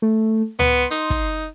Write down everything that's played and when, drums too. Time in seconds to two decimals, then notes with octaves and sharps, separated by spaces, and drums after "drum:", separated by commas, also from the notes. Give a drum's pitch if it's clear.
0.02 A3
0.59 B3 C6, drum: tom C#2
0.91 D#4
1.10 drum: kick, hi-hat